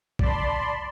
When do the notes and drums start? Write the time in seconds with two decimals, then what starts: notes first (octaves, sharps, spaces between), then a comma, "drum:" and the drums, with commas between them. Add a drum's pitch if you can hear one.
0.19 D5 A5 B5 C6, drum: kick